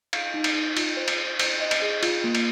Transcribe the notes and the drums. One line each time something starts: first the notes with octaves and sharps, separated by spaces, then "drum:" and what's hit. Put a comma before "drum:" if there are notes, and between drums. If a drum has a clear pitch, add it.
F5, drum: cymbal
D#4
drum: cymbal
D#4
F4, drum: cymbal
C5
drum: cymbal
C5
C5, drum: cymbal
D#5
drum: cymbal
G#4
F4, drum: cymbal
A#3
drum: cymbal